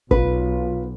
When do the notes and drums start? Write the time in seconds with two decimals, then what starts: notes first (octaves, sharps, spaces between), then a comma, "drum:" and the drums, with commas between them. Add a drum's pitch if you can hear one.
0.11 B1 F4 B4, drum: kick